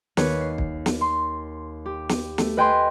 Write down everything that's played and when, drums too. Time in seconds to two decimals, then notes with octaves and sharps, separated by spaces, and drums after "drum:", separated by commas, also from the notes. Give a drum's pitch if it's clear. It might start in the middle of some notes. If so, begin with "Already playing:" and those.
0.17 D#2 B4 C#5, drum: snare
0.41 C7
0.58 drum: kick
0.86 drum: snare
1.01 C6
1.86 G4
2.09 drum: snare
2.38 A3, drum: snare
2.57 B4 D#5 G5 G#5 C6